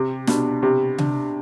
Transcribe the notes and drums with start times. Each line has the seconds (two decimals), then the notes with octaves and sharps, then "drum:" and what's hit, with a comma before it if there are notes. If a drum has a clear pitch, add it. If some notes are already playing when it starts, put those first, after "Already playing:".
Already playing: C3 G4
0.27 B2 D4, drum: snare
0.63 C3 G4
0.98 D4, drum: tom C3